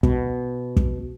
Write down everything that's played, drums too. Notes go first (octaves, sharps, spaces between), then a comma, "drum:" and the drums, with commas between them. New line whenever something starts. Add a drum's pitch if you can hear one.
B2, drum: kick
drum: kick